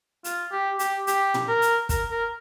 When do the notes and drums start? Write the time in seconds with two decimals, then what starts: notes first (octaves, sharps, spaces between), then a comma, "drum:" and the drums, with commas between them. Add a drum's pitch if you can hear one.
0.24 F4, drum: hi-hat
0.51 G4
0.79 G4, drum: hi-hat
1.07 G4, drum: hi-hat
1.34 drum: tom
1.48 A#4
1.62 drum: hi-hat
1.89 A#4, drum: kick, hi-hat
2.11 A#4